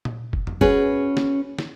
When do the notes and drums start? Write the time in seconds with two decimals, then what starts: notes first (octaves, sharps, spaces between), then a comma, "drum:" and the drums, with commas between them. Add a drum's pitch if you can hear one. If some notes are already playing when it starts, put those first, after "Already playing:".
0.05 drum: tom A#2
0.33 drum: kick F1
0.47 drum: tom E2
0.61 C#4 F#4 G#4 B4, drum: kick F1
1.17 drum: snare
1.59 drum: snare